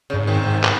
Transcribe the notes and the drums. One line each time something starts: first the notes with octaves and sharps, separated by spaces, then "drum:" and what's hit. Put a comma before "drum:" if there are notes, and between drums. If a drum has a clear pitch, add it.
C#3
G2
G#2
C3 D#3
G#2
drum: clap